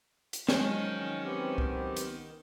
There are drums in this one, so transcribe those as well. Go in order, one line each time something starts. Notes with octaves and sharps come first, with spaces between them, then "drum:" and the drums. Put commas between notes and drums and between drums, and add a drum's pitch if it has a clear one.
drum: hi-hat
D#3 F3 F#3 G#3 C#4, drum: snare
B3 C4 G4
drum: kick C2
drum: hi-hat